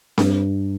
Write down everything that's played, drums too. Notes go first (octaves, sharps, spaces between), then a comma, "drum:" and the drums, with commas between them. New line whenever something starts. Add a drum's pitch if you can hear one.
G2, drum: snare C4